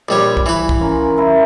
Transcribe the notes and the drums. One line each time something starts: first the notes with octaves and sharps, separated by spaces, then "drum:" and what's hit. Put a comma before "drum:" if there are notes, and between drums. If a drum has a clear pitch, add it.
A#1 G3 C#5
drum: kick
E3 B4
drum: kick
C#4 F4 A#4
E4 A#4